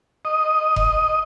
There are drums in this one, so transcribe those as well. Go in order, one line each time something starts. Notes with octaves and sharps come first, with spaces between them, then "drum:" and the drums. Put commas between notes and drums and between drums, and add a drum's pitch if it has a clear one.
D#5
drum: kick F1